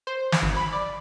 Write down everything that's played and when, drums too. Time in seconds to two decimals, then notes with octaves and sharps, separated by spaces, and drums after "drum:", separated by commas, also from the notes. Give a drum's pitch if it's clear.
0.07 C5
0.32 drum: snare
0.43 G#1
0.57 B5
0.73 D5